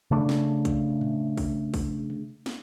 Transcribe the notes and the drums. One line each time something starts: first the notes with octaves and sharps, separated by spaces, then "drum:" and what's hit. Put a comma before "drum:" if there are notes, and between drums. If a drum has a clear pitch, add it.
C#3 A3 D4
drum: snare
drum: kick, hi-hat
drum: tom A2
drum: kick, open hi-hat
drum: kick, open hi-hat
drum: tom C3
drum: snare